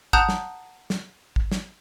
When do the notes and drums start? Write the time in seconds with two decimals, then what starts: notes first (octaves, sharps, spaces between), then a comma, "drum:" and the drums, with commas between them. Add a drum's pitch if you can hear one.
0.13 F#5 A5 A#5 D#6 F#6 G6, drum: kick G#1
0.29 drum: snare
0.90 drum: snare
1.36 drum: kick G#1
1.52 drum: snare